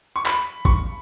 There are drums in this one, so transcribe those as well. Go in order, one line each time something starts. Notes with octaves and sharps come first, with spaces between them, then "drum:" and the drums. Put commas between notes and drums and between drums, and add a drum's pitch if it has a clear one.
C#6
B5, drum: clap
C#6, drum: kick